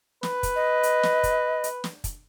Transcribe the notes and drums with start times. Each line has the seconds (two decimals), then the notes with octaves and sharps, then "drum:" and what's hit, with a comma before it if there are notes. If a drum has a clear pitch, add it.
0.23 B4, drum: snare
0.43 drum: kick, hi-hat
0.56 D#5
0.83 drum: hi-hat
1.03 drum: snare
1.23 drum: kick, hi-hat
1.64 drum: hi-hat
1.84 drum: snare
2.04 drum: kick, hi-hat